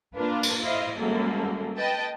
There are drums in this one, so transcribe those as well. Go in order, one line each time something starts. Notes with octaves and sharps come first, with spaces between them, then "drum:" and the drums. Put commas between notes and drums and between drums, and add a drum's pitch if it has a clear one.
A#3 D4 F4 A#4 B4
drum: cymbal
E4 C5 D#5 F5
G#1 F#2 G3 A#3 A4
B4 D#5 G5 A5